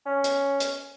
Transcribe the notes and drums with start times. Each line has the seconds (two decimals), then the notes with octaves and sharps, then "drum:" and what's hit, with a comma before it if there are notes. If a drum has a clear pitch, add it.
0.06 C#4
0.24 drum: hi-hat
0.60 drum: hi-hat